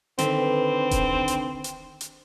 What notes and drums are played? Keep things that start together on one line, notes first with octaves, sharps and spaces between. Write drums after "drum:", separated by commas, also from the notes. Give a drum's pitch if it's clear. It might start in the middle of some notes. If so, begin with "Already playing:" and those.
D3 D#3 C4 B4, drum: hi-hat
drum: kick D#1, hi-hat
drum: hi-hat
drum: hi-hat
drum: hi-hat